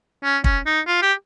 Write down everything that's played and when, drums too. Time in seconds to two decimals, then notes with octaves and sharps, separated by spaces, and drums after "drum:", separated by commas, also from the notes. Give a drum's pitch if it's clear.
0.24 C#4
0.44 C#4, drum: kick
0.66 D#4
0.87 F4
1.02 G4